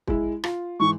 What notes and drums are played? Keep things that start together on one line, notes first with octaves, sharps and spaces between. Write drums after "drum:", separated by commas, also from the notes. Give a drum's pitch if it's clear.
G#3 E4, drum: kick
F4, drum: rim click
G#2 E3 C#6